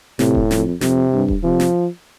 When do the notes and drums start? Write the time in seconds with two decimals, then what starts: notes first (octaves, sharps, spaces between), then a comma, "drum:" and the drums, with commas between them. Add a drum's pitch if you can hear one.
0.19 A2 C3, drum: snare
0.35 drum: kick D#1
0.51 F2, drum: snare
0.81 F2 C3, drum: snare
1.13 G2
1.28 drum: kick D#1
1.43 C3 F3
1.60 drum: snare